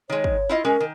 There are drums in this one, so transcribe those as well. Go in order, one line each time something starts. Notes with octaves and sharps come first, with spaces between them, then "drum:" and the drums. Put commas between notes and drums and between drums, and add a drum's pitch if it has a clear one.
D#3 G#3 C#5
drum: kick
E4 F4 D#5
G#3 C#4 A#4
D#3